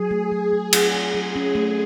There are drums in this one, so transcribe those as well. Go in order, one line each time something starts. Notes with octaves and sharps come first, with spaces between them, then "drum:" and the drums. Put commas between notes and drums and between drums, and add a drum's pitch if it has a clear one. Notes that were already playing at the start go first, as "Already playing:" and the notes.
Already playing: F#3 G#4
A3
F#3
A3
F#3 G#4, drum: cymbal
A3
F#3
C#4
A3